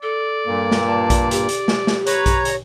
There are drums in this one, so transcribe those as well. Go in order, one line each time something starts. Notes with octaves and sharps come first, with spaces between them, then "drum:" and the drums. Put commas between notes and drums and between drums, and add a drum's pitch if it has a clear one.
A4 D5
G2 A#2 A#3
drum: snare
A5
drum: kick A#1, hi-hat
G4, drum: hi-hat
drum: hi-hat
drum: snare
drum: snare
B4 C#5 A#5, drum: hi-hat
drum: kick A#1, hi-hat
drum: hi-hat